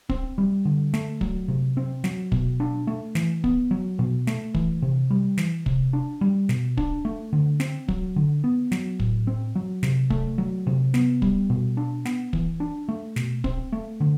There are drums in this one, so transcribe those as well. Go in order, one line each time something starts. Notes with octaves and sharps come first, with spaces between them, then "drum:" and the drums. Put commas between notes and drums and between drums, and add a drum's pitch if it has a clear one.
C4, drum: kick
G3
D3
A3, drum: snare
F#3, drum: kick
C3
C4
F#3, drum: snare
B2, drum: kick
D4
A3
E3, drum: snare
B3, drum: kick
F#3
B2
A3, drum: snare
E3, drum: kick
C3
G3
E3, drum: snare
C3, drum: kick
D4
G3
B2, drum: snare
D4, drum: kick
A3
D3
C4, drum: snare
F#3, drum: kick
D3
B3
F#3, drum: snare
A2, drum: kick
C4
F#3
C3, drum: snare
A3, drum: kick
F#3
C3
B3, drum: snare
G3, drum: kick
B2
D4
B3, drum: snare
E3, drum: kick
D4
A3
B2, drum: snare
C4, drum: kick
A3
D3